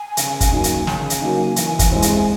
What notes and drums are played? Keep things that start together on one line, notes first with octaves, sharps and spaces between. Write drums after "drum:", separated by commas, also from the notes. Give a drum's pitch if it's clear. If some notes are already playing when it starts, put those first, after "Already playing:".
Already playing: G#5
C#3, drum: hi-hat
drum: kick, hi-hat
F#3 A#3 D#4
drum: hi-hat
C#3 G#5, drum: snare
drum: hi-hat
F#3 A#3 D#4
E3, drum: hi-hat
drum: kick, hi-hat
G#3 C4 E4
drum: hi-hat